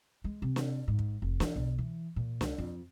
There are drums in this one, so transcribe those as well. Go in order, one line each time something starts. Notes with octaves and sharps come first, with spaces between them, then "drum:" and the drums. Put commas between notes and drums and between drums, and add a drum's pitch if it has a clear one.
G#3
C3
drum: snare
G#2
drum: kick
F1
E3, drum: snare
B1
E3
A#2
C#2, drum: snare
F2